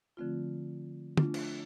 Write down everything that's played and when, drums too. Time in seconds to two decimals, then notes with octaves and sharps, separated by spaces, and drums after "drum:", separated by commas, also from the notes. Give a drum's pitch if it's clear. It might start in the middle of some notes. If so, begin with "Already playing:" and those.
0.17 D3 F3 A3 C4 F4
1.17 A3 D4 F4, drum: tom
1.34 drum: cymbal